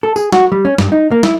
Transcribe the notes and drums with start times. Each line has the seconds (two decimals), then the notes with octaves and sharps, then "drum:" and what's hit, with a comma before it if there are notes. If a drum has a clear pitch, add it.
0.03 A4
0.16 G#4, drum: tambourine
0.32 F#4, drum: snare
0.52 G3
0.65 C#4
0.78 G2, drum: snare
0.92 D#4
1.11 A#3
1.23 E4, drum: snare